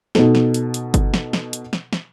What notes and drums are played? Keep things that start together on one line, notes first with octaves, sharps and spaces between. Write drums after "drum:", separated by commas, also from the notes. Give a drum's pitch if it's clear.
B2 D#4 A4, drum: snare
drum: snare
drum: hi-hat
drum: hi-hat
drum: kick G1, hi-hat
drum: snare
drum: snare
drum: hi-hat
drum: snare
drum: snare